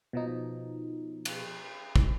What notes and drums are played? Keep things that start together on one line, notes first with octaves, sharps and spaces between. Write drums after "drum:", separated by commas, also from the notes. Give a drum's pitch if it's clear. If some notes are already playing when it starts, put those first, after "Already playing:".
B2 F3 D#4
drum: cymbal
drum: kick